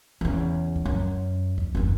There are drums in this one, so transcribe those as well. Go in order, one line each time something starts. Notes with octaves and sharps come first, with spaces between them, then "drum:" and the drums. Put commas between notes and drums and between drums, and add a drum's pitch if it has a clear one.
E2 C#3
drum: kick C#2
F#2
drum: kick C#2
F#1 D#2